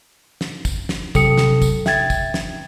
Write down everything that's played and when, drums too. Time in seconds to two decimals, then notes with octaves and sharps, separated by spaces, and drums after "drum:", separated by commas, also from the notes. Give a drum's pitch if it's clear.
0.41 drum: snare
0.65 drum: kick, tambourine
0.89 drum: snare
1.15 C3 F#3 A4 G5 D#6 C#7, drum: kick, tambourine
1.37 drum: snare
1.62 drum: kick, tambourine
1.86 E5 G5 G#6 A6, drum: snare
2.10 drum: kick, tambourine
2.34 drum: snare